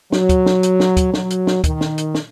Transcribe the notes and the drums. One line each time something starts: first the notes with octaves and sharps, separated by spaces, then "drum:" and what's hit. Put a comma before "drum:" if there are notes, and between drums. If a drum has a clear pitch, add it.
F#3, drum: snare
drum: kick, hi-hat
drum: snare
drum: hi-hat
drum: snare
drum: kick, hi-hat
F#3, drum: snare
drum: hi-hat
drum: snare
D#3, drum: kick, hi-hat
drum: snare
drum: hi-hat
drum: snare